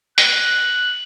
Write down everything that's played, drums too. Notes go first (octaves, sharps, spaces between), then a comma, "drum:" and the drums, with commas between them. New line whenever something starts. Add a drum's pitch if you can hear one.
F#6, drum: hi-hat